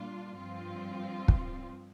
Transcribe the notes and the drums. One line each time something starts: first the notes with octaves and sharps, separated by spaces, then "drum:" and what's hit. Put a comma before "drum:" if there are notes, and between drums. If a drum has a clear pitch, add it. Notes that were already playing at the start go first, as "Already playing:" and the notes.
Already playing: A#2 G3 D4 F4
G2 F3 C4 F4
drum: kick